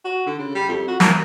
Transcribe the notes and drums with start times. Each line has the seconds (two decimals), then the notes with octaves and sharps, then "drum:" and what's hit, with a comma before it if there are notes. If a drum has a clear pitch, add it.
0.05 F#4
0.26 D3
0.39 C#3
0.55 G3
0.69 F2
0.88 F#4
1.00 A#3, drum: snare